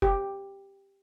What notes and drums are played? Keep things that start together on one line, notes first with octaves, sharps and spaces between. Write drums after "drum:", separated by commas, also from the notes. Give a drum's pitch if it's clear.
G4, drum: kick F1